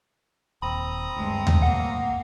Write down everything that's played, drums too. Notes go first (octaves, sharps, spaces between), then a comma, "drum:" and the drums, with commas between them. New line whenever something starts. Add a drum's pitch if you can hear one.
D#1 D#2 C4 A#5 B5 D#6
D2 G2 G#3
drum: tom D#2
B1 F#2 A2 A#3 F#5